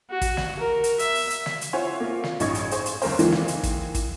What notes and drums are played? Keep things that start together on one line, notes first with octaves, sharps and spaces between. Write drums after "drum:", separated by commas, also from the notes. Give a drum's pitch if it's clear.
F#4
drum: kick, hi-hat
drum: snare
A#4
drum: hi-hat
E5, drum: hi-hat
drum: open hi-hat
drum: hi-hat
drum: snare
drum: hi-hat
E4 F4 C5 C#5 F#5 G#5
A#3 F4
drum: snare
A1 G2 D#4 C#6 G#6, drum: hi-hat
drum: hi-hat
G#4 C5, drum: hi-hat
drum: hi-hat
F#1 D2 A#4 C5, drum: open hi-hat
D#3 E3 G#3 A#3, drum: hi-hat
drum: snare
drum: hi-hat
drum: kick, hi-hat
drum: kick, hi-hat